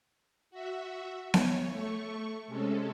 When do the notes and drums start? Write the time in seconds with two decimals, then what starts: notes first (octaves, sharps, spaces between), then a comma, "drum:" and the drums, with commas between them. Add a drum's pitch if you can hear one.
0.50 F#4 E5
1.34 C#5, drum: snare B3
1.70 A3 C#6
2.48 C3 G#3 C#4 A4